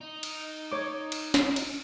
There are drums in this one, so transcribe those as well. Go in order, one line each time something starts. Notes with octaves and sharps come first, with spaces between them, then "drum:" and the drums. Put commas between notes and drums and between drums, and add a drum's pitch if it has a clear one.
D#4
drum: cymbal
C#5 D6
drum: cymbal
drum: snare
drum: cymbal